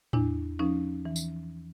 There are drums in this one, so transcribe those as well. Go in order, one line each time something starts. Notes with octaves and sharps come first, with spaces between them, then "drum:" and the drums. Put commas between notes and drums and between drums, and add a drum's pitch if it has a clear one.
E2 D4 E4, drum: tom A2
F3 C#4 D#4
E3
drum: tambourine